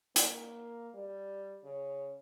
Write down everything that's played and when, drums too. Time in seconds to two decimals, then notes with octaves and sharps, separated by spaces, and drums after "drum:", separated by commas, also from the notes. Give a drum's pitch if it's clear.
0.16 A#3, drum: hi-hat
0.94 G3
1.64 C#3